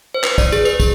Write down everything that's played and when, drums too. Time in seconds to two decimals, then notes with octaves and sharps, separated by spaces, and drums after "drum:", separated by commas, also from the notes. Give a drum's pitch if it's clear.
0.14 C5
0.24 B4, drum: clap
0.38 D5, drum: kick, tambourine
0.52 G#4, drum: tambourine
0.65 B4, drum: tambourine
0.80 G#4, drum: kick, tambourine